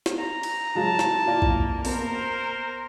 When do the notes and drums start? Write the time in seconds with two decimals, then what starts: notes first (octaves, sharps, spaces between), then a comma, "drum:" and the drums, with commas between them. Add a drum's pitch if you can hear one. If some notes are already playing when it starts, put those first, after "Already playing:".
0.06 drum: snare
0.19 A#5
0.43 drum: cymbal
0.75 F#3 G#3 F4 A5
0.99 drum: snare
1.26 A#3 E4 F4 D5
1.42 drum: kick A#1
1.85 B2 A#3 B3 A#4 C5, drum: open hi-hat